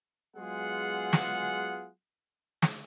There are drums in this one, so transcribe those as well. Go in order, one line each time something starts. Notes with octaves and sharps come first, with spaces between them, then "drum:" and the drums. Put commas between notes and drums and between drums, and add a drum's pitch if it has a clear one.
F#3 G#3 B3 F4 G#4 F#5
drum: snare
drum: snare